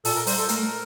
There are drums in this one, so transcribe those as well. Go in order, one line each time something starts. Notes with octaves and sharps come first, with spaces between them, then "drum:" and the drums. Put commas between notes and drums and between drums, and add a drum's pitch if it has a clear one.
A#2 A4, drum: open hi-hat
A#4
G3 C5, drum: open hi-hat
A4
A3 A#4, drum: hi-hat